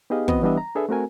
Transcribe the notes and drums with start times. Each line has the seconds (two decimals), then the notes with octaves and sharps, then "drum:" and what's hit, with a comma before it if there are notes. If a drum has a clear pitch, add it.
0.10 B3 D#4 G4 G#4 D#5 F5
0.28 E3 B3 C4 F#4 D#5, drum: kick
0.42 E3 G3 B3 D4 D#5 E5
0.57 A#5
0.75 D4 G#4 A4 B4 E5
0.89 A3 C4 F#4 A#4 G#5